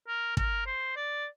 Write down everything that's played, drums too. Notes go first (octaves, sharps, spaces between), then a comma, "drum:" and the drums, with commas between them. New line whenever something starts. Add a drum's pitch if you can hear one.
A#4
A#4, drum: kick
C5
D5